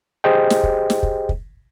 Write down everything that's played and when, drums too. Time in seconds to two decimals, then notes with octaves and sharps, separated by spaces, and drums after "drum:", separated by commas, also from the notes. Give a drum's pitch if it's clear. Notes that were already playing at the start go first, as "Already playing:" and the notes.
0.24 G4 G#4 C5 D#5 G5
0.50 drum: snare
0.63 drum: kick
0.90 drum: snare
1.03 drum: kick
1.29 drum: kick